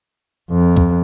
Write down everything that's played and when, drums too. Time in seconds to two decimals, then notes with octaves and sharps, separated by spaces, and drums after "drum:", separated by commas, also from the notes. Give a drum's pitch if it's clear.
0.51 F2
0.77 drum: kick